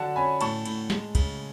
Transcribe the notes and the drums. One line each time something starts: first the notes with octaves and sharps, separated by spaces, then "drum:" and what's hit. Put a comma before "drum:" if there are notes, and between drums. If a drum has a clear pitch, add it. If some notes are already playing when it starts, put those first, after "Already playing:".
Already playing: D3 F#3 F#5 A5
C#4 G#5 B5
A2 A5 C#6, drum: cymbal
A2, drum: cymbal
G#3, drum: snare
C#3, drum: kick C2, cymbal